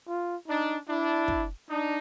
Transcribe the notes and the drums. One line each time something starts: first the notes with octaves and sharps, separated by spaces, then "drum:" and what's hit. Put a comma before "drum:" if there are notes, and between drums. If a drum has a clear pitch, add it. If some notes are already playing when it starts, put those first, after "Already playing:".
F4
D4 D#4
D4 E4
drum: kick
D4 D#4